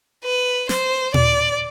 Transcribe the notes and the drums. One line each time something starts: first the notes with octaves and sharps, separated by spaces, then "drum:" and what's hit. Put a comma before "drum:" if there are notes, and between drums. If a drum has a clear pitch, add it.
B4
C5, drum: snare
D5, drum: tom